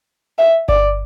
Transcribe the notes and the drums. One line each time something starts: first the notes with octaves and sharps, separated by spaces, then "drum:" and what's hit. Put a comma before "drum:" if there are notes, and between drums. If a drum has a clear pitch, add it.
E5
D5, drum: kick G1